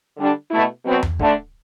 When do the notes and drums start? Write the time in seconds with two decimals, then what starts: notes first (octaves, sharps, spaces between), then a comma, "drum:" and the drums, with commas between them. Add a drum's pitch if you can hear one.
0.17 D3 G3 D4
0.51 B2 A3 E4
0.86 B2 F#3 C4
1.03 drum: tom E2
1.19 D3 A3 D4, drum: kick